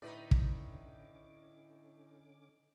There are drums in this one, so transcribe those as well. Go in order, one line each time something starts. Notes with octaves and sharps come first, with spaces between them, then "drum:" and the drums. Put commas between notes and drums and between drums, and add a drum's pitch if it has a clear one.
A2 D3 C#4 D#4 B4 D5 D6
drum: kick